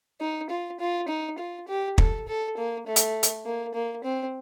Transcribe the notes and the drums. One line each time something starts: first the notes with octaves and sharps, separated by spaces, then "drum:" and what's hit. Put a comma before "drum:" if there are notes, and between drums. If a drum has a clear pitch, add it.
D#4
F4
F4
D#4
F4
G4
A4, drum: kick
A4
A#3
A3
drum: hi-hat
drum: hi-hat
A#3
A#3
C4